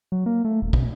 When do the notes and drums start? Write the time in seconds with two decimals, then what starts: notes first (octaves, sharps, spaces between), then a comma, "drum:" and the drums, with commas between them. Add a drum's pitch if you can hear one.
0.12 F#3
0.26 A#3
0.45 A3
0.62 D#1
0.73 B2, drum: kick